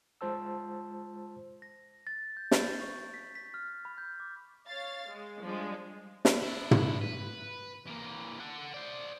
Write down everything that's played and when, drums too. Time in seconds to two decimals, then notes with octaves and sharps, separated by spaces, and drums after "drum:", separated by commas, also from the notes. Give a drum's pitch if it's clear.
0.21 G#3 F4 C5 A5 E6
1.62 A#6
2.07 A6
2.37 G6
2.51 A6, drum: snare
2.80 C#6
3.14 B6
3.35 B6
3.54 F6
3.85 B5
3.98 G6
4.20 D6
4.69 C#5 F5 A6
5.09 G#3
5.42 F3 G3 G#3 D4
6.25 drum: snare
6.43 D4 E4
6.71 drum: tom
7.01 B4
7.87 E3 A#3
8.40 A4 F#5
8.74 C5 D5